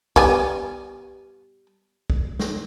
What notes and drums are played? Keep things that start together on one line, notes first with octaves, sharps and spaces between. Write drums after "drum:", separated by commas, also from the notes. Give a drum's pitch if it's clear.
G3 B3 G#5, drum: kick
drum: kick
drum: snare